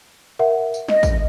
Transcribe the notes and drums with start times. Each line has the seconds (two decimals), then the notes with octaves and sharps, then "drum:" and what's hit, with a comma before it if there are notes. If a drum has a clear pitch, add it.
0.39 A#4 E5 F#5
0.74 drum: tambourine
0.88 D#5, drum: snare
1.03 drum: kick, tambourine